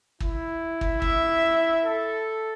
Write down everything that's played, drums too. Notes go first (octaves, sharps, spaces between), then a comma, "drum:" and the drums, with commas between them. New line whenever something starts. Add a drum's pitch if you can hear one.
E4, drum: kick
drum: kick
E5, drum: kick
A4